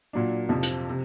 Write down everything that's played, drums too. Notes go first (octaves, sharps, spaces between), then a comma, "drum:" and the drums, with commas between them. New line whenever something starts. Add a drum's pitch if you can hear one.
A#2 F#3 A#3 D4
F2 C3 F3
drum: hi-hat
C3